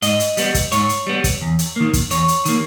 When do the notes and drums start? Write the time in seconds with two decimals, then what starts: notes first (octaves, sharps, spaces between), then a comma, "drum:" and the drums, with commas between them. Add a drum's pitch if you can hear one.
0.02 G#2 D#5, drum: hi-hat
0.20 drum: hi-hat
0.37 G3 B3, drum: hi-hat
0.54 drum: kick, hi-hat
0.72 G#2 C#5, drum: hi-hat
0.89 drum: hi-hat
1.07 G3 B3
1.24 drum: kick, hi-hat
1.42 E2
1.59 drum: hi-hat
1.76 D#3 A#3
1.93 drum: kick, hi-hat
2.11 E2 C#5, drum: hi-hat
2.28 drum: hi-hat
2.45 D#3 A#3, drum: hi-hat